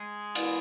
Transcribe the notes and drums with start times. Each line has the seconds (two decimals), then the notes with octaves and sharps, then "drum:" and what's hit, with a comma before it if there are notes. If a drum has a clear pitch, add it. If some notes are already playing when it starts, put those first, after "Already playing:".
Already playing: G#3 G#4
0.35 E3 B3 E4, drum: cymbal